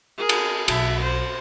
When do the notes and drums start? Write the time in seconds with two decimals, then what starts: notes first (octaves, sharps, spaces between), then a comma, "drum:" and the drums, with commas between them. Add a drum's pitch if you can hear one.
0.18 G#4 A#4
0.29 drum: cymbal
0.68 B1 E5, drum: cymbal
1.01 C5